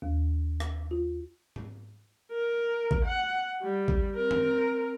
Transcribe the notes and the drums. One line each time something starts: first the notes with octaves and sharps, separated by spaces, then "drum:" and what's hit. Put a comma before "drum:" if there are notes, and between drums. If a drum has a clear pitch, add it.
D#2
drum: rim click
F4
drum: tom G#2
A#4
drum: kick
F#5
G3
drum: kick
C4 A#4
drum: tom F#2